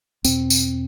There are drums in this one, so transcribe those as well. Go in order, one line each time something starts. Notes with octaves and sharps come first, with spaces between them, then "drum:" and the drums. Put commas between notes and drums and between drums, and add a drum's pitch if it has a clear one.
E2 B2 C4, drum: tambourine
drum: tambourine